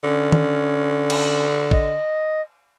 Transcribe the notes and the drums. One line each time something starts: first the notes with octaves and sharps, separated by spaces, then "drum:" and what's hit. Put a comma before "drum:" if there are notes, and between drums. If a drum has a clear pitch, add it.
D3 C#4
drum: tom
drum: cymbal
D#5, drum: kick